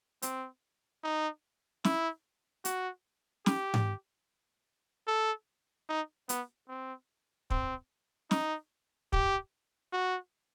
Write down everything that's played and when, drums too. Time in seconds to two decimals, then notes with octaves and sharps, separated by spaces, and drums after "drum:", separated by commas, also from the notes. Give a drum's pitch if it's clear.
0.22 C4, drum: hi-hat
1.04 D#4
1.84 E4, drum: snare
2.65 F#4, drum: hi-hat
3.46 G4, drum: snare
3.74 drum: tom G#2
5.07 A4
5.89 D#4
6.29 B3, drum: hi-hat
6.69 C4
7.50 C4, drum: kick
8.31 D#4, drum: snare
9.13 G4, drum: kick
9.93 F#4